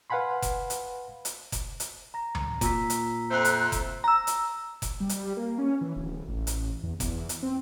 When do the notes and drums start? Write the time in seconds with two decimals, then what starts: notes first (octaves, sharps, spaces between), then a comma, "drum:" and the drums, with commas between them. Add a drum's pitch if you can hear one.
0.10 B4 F5 F#5 G#5 B5 C6
0.42 drum: kick F1, hi-hat
0.70 drum: hi-hat
1.25 drum: hi-hat
1.52 drum: kick F1, hi-hat
1.80 drum: hi-hat
2.14 A#5 A#6
2.35 drum: tom D2
2.61 A#2 A#5 E6 B6, drum: kick F1, hi-hat
2.90 drum: hi-hat
3.31 F2 A3 C5 F#6
3.45 drum: hi-hat
3.72 drum: kick F1, hi-hat
4.04 A#5 E6
4.27 drum: hi-hat
4.82 drum: kick F1, hi-hat
5.00 G3
5.09 drum: hi-hat
5.37 A#3
5.58 C#4
5.81 E3
5.96 D1
6.28 A1
6.47 drum: hi-hat
6.83 E2
7.00 E2, drum: kick F1, hi-hat
7.29 drum: hi-hat
7.43 C4